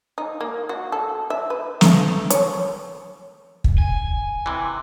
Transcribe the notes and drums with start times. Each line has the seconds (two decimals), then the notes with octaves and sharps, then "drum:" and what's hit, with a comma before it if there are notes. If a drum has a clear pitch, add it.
0.18 D#4
0.41 A#3
0.69 F#4
0.92 A4
1.30 E5
1.50 B4
1.81 A3, drum: snare
2.30 C#5, drum: hi-hat
3.64 drum: kick
3.78 G#5
4.46 C3 E3